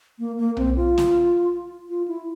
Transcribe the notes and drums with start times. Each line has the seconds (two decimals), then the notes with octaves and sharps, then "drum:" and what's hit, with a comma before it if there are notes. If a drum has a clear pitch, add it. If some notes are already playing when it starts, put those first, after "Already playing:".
0.19 A#3
0.38 A#3
0.57 C4, drum: tom B1
0.76 F4
0.98 drum: snare
1.90 F4
2.08 E4